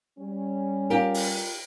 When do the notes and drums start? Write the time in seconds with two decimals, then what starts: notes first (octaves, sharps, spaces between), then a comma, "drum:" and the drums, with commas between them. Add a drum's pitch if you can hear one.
0.19 G3 C#4
0.90 F4 G4 A#4
1.14 drum: open hi-hat